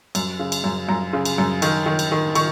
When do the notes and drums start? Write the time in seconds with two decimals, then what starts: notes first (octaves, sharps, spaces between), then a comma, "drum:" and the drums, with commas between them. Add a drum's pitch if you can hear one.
0.15 F#2, drum: cymbal
0.39 C#3
0.52 drum: cymbal
0.64 F#2
0.89 F#2 A#5
1.13 C#3
1.25 drum: cymbal
1.38 F#2
1.62 D#3, drum: cymbal
1.86 D#3
1.99 drum: cymbal
2.12 D#3
2.35 D#3 C#6, drum: cymbal